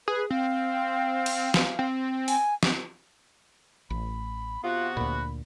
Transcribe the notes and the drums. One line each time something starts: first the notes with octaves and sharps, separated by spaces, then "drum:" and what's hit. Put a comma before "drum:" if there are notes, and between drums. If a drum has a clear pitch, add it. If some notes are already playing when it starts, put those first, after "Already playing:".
G#4 B4
C4 F5
drum: cymbal
drum: snare
C4
G#5, drum: open hi-hat
drum: snare
A1 B5
C3 B3 F4 F#4
D2 A#2 B5